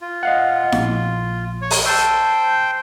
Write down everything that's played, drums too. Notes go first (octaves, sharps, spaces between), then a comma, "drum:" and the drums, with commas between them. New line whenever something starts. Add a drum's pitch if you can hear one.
F4
D#5 F5 F#5
A#1, drum: snare E4
C#5
drum: open hi-hat
C5 G5 A5 E6